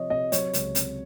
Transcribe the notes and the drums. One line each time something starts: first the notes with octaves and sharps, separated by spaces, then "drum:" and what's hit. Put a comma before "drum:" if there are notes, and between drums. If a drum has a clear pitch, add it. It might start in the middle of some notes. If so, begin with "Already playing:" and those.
Already playing: C3 F3 C#5 D#5
C3 D#5
F#3 C#5, drum: hi-hat
C#2, drum: hi-hat
C3, drum: hi-hat